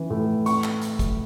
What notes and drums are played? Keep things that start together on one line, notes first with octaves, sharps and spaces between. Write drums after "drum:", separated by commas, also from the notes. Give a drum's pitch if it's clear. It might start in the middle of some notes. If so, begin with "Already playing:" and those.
Already playing: E3 C#4
A2
C#6, drum: hi-hat
drum: clap
drum: hi-hat
drum: kick, hi-hat